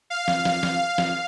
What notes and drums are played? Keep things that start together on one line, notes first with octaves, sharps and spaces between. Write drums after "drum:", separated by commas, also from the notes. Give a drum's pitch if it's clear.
F5
drum: snare
drum: snare
drum: snare
drum: snare